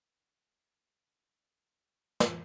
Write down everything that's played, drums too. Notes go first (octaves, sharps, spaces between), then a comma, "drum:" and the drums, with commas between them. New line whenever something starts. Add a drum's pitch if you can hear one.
A3
G3 A#3 B3 A4 B4
drum: snare